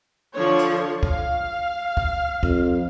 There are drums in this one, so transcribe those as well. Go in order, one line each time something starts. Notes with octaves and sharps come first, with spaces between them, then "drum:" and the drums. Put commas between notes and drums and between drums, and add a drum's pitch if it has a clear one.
D3 F3 C#5
drum: hi-hat
F5, drum: kick
drum: kick
F2, drum: kick